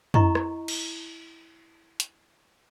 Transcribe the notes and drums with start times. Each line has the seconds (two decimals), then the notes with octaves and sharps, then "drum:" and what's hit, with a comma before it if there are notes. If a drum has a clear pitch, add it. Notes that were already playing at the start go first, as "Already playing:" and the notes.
0.14 E4 D#5 A#5 C#6, drum: tom
0.35 drum: rim click
0.68 drum: cymbal
2.00 drum: hi-hat